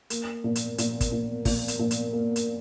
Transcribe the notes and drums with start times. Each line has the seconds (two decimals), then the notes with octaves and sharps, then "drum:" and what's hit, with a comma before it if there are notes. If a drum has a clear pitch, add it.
0.10 A#3, drum: hi-hat
0.44 A#2
0.55 drum: hi-hat
0.78 A#2, drum: hi-hat
1.01 drum: kick, hi-hat
1.12 A#2
1.45 A#2, drum: kick, open hi-hat
1.68 drum: hi-hat
1.79 A#2
1.91 drum: hi-hat
2.13 A#3
2.36 drum: hi-hat